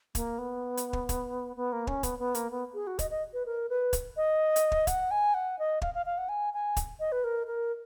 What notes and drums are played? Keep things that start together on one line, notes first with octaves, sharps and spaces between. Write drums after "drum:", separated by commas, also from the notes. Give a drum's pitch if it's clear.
A#3, drum: kick, hi-hat
B3
drum: hi-hat
drum: kick
drum: kick, hi-hat
B3
A#3
C#4, drum: kick
B3, drum: kick, hi-hat
B3
A#3, drum: hi-hat
B3
G#4
F#4
D#5, drum: kick, hi-hat
D#5
B4
A#4
B4
drum: kick, hi-hat
D#5
drum: hi-hat
drum: kick
F#5, drum: kick, hi-hat
G#5
F#5
D#5
F5, drum: kick
F5
F5
F#5
G#5
G#5
drum: kick, hi-hat
D#5
B4
A#4
A#4